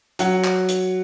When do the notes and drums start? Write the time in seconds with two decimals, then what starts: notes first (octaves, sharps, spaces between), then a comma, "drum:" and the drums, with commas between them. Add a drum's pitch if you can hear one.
0.19 F#3 F#5, drum: hi-hat
0.44 drum: clap
0.69 drum: hi-hat